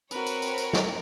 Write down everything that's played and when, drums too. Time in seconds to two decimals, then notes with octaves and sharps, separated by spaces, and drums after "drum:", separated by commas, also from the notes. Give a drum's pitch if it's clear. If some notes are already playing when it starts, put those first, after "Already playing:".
0.11 C4 F#4 A#4 B4 C#5, drum: tambourine
0.27 drum: tambourine
0.42 drum: tambourine
0.58 drum: tambourine
0.73 drum: snare